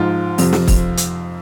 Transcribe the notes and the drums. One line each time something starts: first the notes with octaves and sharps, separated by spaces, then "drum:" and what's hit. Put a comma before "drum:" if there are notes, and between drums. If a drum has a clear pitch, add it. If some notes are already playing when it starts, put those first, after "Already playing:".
Already playing: G#2 F3 F4
F2 C3 F3, drum: open hi-hat
drum: snare
drum: kick, open hi-hat
drum: hi-hat